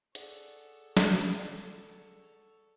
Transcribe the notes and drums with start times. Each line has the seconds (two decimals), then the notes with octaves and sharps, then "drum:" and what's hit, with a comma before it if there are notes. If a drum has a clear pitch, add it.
0.15 G#4 A4 C#5 D5 F#5, drum: hi-hat
0.97 drum: snare